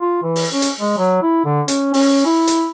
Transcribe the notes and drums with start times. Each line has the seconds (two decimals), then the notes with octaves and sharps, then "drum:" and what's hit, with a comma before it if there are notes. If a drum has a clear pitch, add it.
0.01 F4
0.23 E3
0.36 drum: open hi-hat
0.53 C#4
0.62 drum: hi-hat
0.80 G#3
0.98 F#3
1.22 E4
1.45 D3
1.68 C#4, drum: hi-hat
1.94 C#4, drum: open hi-hat
2.25 E4
2.47 drum: hi-hat